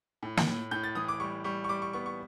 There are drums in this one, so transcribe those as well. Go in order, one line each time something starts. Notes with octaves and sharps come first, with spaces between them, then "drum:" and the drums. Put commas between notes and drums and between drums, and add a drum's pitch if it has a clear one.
A2
drum: snare
A2
A2 G6
A6
E3 D#6
D6
G3 C#6
G3 C#6
C#6
G3 D6
C#6
B3 C#6
C#6